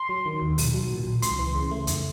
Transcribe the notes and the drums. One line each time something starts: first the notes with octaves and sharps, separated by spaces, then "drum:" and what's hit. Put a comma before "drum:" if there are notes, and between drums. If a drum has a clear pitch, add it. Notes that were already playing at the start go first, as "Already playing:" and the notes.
Already playing: C6
F#3
D#3
D#2
B1, drum: open hi-hat
F#3
A#2
B1
C#2 C6, drum: hi-hat
E3
C#3
A3
F2, drum: hi-hat